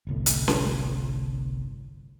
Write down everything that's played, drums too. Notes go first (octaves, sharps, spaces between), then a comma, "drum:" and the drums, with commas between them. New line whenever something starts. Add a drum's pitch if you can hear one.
G1 C2 A2
drum: hi-hat
drum: snare C#4